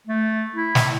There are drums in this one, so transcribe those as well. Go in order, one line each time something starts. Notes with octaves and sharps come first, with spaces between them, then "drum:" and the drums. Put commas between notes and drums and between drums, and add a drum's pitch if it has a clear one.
A3
E4
drum: snare